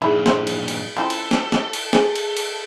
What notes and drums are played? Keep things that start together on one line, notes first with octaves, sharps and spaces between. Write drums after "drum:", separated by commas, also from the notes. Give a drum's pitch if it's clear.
G2 A#2 D#4 E4 G#4
A3 E4 C5, drum: snare
drum: cymbal
drum: cymbal
C#3 G#3 C4 E4 F4 A4 G5
drum: cymbal
drum: snare
drum: snare
drum: cymbal
G#4 G#5, drum: snare
drum: cymbal
drum: cymbal